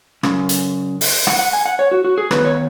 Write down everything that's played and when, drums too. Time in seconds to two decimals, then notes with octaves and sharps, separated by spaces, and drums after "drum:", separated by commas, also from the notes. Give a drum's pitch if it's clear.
0.23 F#2 C#3, drum: rim click
0.49 drum: hi-hat
1.01 drum: open hi-hat
1.27 F#5, drum: rim click
1.39 F#5
1.53 G#5
1.66 F#5
1.79 C#5
1.91 F#4
2.05 F#4
2.18 G#4
2.31 D#3 B3 D#4 B4, drum: rim click
2.45 C#5